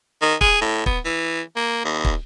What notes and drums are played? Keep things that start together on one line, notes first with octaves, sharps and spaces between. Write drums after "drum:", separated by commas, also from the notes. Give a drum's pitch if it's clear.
D#3
G#4, drum: kick
A2
B3, drum: kick
E3
A#3
D#2
drum: kick